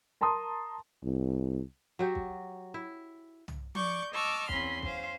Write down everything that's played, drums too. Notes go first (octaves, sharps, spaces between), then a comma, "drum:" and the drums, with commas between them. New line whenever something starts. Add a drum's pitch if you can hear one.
A#4 A5 A#5 C6 D#6
C2
F#3 F#4 G4
drum: kick
E4
drum: tom
D5 C#6 D6 G6, drum: tom F3
D#5 A5 C#6 D6 E6 F6
E2 C4 C#4 B5 C6, drum: kick
C#4 C5 F5, drum: kick